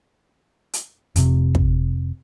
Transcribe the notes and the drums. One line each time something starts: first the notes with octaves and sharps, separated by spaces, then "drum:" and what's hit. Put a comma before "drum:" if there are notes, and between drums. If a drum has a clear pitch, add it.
drum: hi-hat
F1 C3, drum: hi-hat
drum: kick